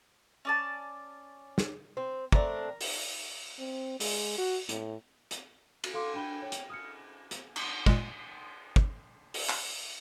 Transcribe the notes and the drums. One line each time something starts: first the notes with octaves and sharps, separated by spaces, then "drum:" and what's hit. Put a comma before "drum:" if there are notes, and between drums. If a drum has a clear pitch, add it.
C#4 D5 A5
drum: snare
C4
A3 C4 D4 A#4, drum: kick
drum: open hi-hat
C4
G#3, drum: open hi-hat
F#4
A2, drum: hi-hat
drum: hi-hat
drum: cymbal
A4 F5 C6 D6
D4 G5 B5 G6 G7
C#5 G5
drum: hi-hat
D#6 F6 C#7
drum: hi-hat
drum: cymbal
A#2 G#3, drum: kick
drum: kick
drum: open hi-hat
drum: clap